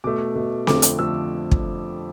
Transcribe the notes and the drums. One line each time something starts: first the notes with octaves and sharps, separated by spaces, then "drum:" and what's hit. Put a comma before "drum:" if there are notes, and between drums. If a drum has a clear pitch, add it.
B2 A3 D6
B2 A3
F2 D3 F3 A3 D6, drum: snare C4
drum: hi-hat
D3 F3 A3 E6
drum: kick